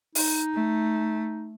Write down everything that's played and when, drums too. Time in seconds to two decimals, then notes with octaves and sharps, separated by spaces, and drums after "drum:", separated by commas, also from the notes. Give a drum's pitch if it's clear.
0.15 D#4, drum: open hi-hat
0.54 A3